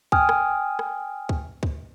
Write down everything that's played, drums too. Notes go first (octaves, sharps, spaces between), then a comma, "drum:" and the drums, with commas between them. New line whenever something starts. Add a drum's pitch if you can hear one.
G5 G#5 D#6 F6, drum: kick C#2
drum: rim click
drum: rim click
drum: kick C#2
drum: kick C#2